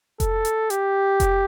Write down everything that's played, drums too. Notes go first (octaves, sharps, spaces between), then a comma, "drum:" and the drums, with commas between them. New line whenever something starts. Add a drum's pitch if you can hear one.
A4, drum: kick F1, hi-hat
drum: hi-hat
G4, drum: hi-hat
drum: kick F1, hi-hat